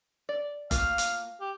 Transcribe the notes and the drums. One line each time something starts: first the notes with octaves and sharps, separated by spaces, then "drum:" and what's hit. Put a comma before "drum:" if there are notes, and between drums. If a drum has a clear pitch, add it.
D5
A3 A#3 F4 F5, drum: kick F#1, hi-hat
drum: hi-hat
G4